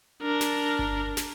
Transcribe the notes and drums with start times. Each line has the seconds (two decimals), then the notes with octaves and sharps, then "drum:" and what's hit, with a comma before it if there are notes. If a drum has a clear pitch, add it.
0.22 D4 A#4
0.41 drum: snare
0.79 drum: kick G1
1.17 drum: snare